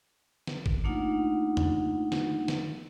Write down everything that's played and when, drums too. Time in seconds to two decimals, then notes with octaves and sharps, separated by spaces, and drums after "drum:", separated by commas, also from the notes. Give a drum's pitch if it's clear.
0.47 drum: snare
0.66 drum: kick
0.84 A3 A#3 D4 D#4 F4 F#5
1.57 drum: tom E2
2.12 drum: snare
2.48 drum: snare